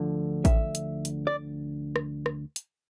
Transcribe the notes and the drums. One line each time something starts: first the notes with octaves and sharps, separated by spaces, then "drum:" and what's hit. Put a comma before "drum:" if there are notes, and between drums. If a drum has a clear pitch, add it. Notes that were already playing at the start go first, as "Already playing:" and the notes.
Already playing: D2 D3 F3
E5, drum: kick A1, hi-hat
drum: hi-hat
drum: hi-hat
D5
drum: rim click
drum: rim click
drum: hi-hat